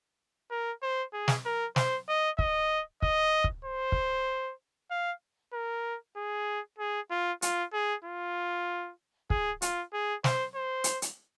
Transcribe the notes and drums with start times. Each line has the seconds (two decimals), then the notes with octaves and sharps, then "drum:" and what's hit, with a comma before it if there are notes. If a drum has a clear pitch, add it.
0.50 A#4
0.82 C5
1.13 G#4
1.28 drum: snare
1.45 A#4
1.76 C5, drum: snare
2.08 D#5
2.39 D#5, drum: kick
3.02 D#5, drum: kick
3.44 drum: kick
3.65 C5
3.92 drum: kick
4.91 F5
5.53 A#4
6.16 G#4
6.78 G#4
7.10 F4
7.42 F4, drum: hi-hat
7.73 G#4
8.04 F4
9.30 G#4, drum: kick
9.62 F4, drum: hi-hat
9.93 G#4
10.24 C5, drum: snare
10.55 C5
10.84 drum: hi-hat
11.02 drum: hi-hat